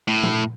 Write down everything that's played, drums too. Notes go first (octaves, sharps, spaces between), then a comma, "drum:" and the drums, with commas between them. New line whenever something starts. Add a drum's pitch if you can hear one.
A2
drum: tom